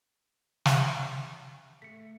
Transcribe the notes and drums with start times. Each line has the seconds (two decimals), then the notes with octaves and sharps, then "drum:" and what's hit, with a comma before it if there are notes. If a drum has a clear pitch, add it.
0.66 drum: snare
1.82 A3 B6 C#7